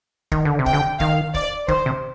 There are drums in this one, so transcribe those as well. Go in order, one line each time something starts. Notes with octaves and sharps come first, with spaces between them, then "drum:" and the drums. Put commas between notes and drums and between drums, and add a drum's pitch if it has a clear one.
D#3, drum: kick
D3
C3
G5, drum: kick
D3
D#3 F5, drum: kick
D5, drum: kick
D#3 C5, drum: kick
C3